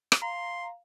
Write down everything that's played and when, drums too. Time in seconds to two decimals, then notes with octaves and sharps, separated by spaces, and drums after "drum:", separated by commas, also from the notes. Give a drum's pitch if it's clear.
0.12 drum: rim click
0.22 F5 A#5 C6